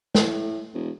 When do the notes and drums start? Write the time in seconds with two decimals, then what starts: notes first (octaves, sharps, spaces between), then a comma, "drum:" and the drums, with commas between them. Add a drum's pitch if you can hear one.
0.15 A2, drum: snare
0.74 E1